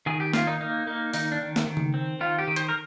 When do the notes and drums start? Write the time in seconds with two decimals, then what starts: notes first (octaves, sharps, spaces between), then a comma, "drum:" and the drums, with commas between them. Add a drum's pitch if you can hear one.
0.06 D#3 G#4
0.20 G4
0.33 A#3 F4, drum: snare
0.47 D#4
0.61 A#3 D#4
0.87 A#3 D#4
1.13 D#3 D#4, drum: open hi-hat
1.32 D4
1.41 D#3
1.56 drum: snare
1.67 D#3
1.77 drum: tom C#3
1.94 C4
2.21 D#3 F4
2.39 G4
2.48 D#3
2.56 C5, drum: hi-hat
2.69 A#4